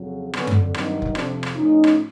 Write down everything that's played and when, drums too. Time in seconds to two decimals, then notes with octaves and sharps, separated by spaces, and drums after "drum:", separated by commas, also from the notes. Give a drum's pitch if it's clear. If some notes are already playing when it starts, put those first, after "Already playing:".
Already playing: F2 C#3 F#3
0.33 F2 D3 F#3 B3 C#4, drum: rim click
0.47 drum: tom F#2
0.74 G2 D#3 F#3 C4 D4, drum: rim click
1.02 drum: kick F1
1.15 F2 C3 F3 C4 D4, drum: rim click
1.43 drum: rim click
1.56 A2 F3 C#4 D#4
1.84 drum: rim click